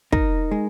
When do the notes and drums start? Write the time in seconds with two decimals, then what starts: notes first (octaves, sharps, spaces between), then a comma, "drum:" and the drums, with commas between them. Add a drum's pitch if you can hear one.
0.12 D#4 A#4, drum: kick
0.51 G#3